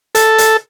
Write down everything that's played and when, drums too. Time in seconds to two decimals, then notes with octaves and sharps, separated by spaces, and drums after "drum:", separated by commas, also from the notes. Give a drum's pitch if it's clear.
0.15 A4, drum: hi-hat
0.38 drum: hi-hat